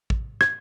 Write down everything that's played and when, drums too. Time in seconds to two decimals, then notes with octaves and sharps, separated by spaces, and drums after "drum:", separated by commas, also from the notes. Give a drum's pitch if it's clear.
0.10 drum: kick A1
0.41 G#6, drum: rim click